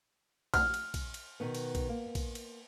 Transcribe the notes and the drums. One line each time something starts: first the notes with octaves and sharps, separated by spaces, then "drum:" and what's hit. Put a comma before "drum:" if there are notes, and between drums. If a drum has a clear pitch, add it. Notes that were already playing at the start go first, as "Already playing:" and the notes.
F6, drum: kick A#1, cymbal
drum: cymbal
drum: kick A#1, cymbal
drum: cymbal
B2 D#3 B3
drum: cymbal
drum: kick A#1, cymbal
A#3
drum: kick A#1, cymbal
drum: cymbal